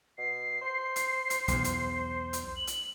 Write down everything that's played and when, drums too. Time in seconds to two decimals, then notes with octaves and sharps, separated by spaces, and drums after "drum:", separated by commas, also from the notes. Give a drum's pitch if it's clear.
0.18 B2 C7
0.61 C5
0.96 drum: hi-hat
1.30 drum: hi-hat
1.48 B1 E2, drum: hi-hat
1.64 drum: hi-hat
2.33 drum: hi-hat
2.57 F#7
2.67 drum: hi-hat